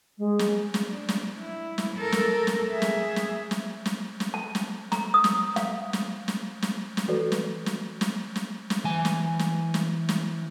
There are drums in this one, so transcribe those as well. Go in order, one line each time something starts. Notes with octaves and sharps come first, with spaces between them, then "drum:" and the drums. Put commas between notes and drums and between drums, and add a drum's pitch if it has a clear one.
G#3
drum: snare
drum: snare
D4
drum: snare
E4
drum: snare
A4 A#4
drum: snare
drum: snare
G#4 E5
drum: snare
drum: snare
drum: snare
drum: snare
drum: snare
A5
drum: snare
A#5, drum: snare
D#6
drum: snare
F5, drum: snare
drum: snare
drum: snare
drum: snare
drum: snare
E3 F#4 A4 B4 D5
drum: snare
drum: snare
drum: snare
drum: snare
drum: snare
E3 G#5
drum: snare
drum: snare
drum: snare
drum: snare